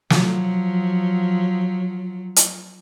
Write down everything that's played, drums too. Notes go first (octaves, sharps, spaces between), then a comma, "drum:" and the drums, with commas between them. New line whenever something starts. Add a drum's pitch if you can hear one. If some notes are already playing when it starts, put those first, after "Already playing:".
F3 F#3, drum: snare
drum: hi-hat